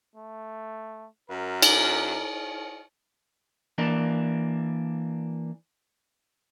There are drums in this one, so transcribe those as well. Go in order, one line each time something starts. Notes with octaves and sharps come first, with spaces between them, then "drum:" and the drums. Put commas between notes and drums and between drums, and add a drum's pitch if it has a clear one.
A3
F#2 A#4
drum: cymbal
E3 A#3 D4